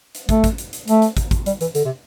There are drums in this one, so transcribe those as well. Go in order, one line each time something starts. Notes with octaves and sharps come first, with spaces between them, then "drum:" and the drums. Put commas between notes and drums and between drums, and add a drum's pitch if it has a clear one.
drum: hi-hat
A3, drum: kick, hi-hat
drum: kick, hi-hat
drum: hi-hat
drum: hi-hat
A3, drum: hi-hat
drum: hi-hat
drum: kick, hi-hat
drum: kick, hi-hat
G3, drum: hi-hat
E3, drum: hi-hat
D3, drum: hi-hat
C3